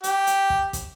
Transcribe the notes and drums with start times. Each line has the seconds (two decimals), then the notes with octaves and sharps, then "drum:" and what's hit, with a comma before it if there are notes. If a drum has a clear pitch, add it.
0.04 G4, drum: hi-hat
0.27 drum: hi-hat
0.50 drum: kick
0.73 drum: kick, hi-hat